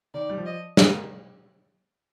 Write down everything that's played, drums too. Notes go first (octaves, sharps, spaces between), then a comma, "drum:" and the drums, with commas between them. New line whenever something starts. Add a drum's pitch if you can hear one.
D#3 D5
G3
F3
D#5
G#3 D#5, drum: snare
A#3